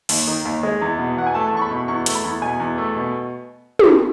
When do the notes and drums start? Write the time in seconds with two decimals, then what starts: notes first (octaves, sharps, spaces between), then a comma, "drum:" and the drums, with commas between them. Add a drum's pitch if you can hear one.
0.09 D#2, drum: open hi-hat
0.27 D#3
0.45 D#2
0.63 G#3
0.81 E2
0.99 B2
1.17 E2 F#5
1.27 G#5
1.34 A3 A5
1.52 E2 C#6
1.62 B5
1.71 B2
1.88 E2 C#6
2.06 A3, drum: hi-hat
2.15 B5
2.24 E2
2.42 B2 G#5
2.60 E2
2.78 A3
2.96 B2
3.79 drum: tom